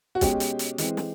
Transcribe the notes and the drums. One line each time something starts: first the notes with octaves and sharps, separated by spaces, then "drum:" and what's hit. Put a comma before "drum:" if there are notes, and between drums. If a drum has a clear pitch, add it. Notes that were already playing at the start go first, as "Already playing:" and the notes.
F#4
B2 G#3 C#4 G4, drum: kick, hi-hat
drum: hi-hat
drum: hi-hat
E3 G#3 C4, drum: hi-hat
drum: snare